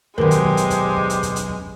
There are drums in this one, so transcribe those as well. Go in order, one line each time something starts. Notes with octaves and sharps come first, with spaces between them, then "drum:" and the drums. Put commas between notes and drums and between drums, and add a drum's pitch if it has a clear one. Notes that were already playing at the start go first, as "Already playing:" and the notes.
F#2 B2 D#3 G#3 D4 G4 A#4 C5, drum: kick
drum: hi-hat
drum: kick
drum: hi-hat
drum: kick, hi-hat
drum: kick
drum: hi-hat
drum: kick, hi-hat
drum: hi-hat
drum: kick